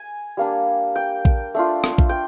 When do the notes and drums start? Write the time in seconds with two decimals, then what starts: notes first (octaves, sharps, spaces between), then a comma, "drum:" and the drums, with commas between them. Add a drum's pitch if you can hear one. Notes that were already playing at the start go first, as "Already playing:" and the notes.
Already playing: G#5
0.37 G3 A#3 D4
0.95 G5
1.25 drum: kick A#1
1.54 A3 D4 F4
1.84 drum: rim click
1.98 drum: kick A#1
2.09 G5